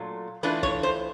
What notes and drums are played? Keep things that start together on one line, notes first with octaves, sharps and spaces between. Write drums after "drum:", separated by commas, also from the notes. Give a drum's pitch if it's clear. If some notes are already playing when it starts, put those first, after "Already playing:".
Already playing: A#2 F#3 A3 D4 F4
E3 A3 D4 F4 B4
C#5, drum: kick B1
C5